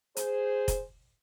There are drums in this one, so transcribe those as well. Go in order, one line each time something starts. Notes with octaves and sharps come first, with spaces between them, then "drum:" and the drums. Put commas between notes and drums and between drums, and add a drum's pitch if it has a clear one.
G#4 C5, drum: hi-hat
drum: kick F1, hi-hat